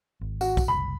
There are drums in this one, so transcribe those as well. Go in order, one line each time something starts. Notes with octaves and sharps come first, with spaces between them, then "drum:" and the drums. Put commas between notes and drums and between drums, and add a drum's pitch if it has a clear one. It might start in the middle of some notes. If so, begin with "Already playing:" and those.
G#1
F#4, drum: tambourine
drum: kick, tambourine
F#1 C2 B5